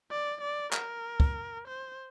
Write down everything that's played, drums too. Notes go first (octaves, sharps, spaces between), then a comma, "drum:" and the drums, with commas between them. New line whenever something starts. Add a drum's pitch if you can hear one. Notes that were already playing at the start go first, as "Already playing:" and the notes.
D5
D5
A#4, drum: clap
drum: kick
C5